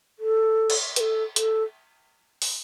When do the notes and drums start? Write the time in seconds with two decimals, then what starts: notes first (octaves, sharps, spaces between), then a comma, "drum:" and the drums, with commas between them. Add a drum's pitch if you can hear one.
0.19 A4
0.70 drum: cymbal
0.96 B4, drum: hi-hat
1.00 A4
1.36 A4, drum: hi-hat
2.42 drum: open hi-hat